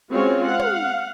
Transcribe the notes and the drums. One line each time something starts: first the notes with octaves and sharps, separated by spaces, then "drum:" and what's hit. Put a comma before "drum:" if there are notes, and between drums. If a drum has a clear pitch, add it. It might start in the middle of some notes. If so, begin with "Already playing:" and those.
G#3 C4 C#4 F4 F#4 C#5
F5 F#5
drum: tom